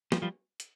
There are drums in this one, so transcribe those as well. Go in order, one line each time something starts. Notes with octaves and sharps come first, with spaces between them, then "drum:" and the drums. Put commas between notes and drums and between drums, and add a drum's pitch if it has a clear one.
F3 G3, drum: snare
F3 G3
drum: hi-hat